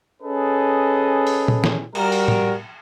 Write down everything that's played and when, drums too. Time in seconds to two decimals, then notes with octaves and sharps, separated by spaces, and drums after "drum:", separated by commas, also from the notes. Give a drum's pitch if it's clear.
0.22 C#4 G#4 A4 B4 D#5
1.27 drum: open hi-hat
1.48 drum: tom A#2
1.64 drum: snare
1.95 G3 F#4 A#4, drum: cymbal
2.12 drum: open hi-hat
2.28 drum: tom A2